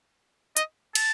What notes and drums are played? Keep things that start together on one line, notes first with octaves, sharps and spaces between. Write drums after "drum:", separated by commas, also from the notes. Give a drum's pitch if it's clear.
D#5, drum: hi-hat
A5, drum: cymbal